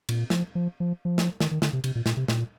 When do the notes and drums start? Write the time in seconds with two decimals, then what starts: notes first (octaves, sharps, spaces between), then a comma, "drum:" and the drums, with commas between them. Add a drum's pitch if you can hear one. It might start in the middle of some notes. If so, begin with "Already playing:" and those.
0.09 A#2, drum: cymbal
0.30 F3, drum: snare
0.55 F3
0.80 F3
1.05 F3
1.18 drum: snare
1.40 D#3, drum: snare
1.51 D#3
1.62 D3, drum: snare
1.73 C3
1.84 C3, drum: cymbal
1.95 A#2
2.06 A#2, drum: snare
2.17 C3
2.28 A#2, drum: snare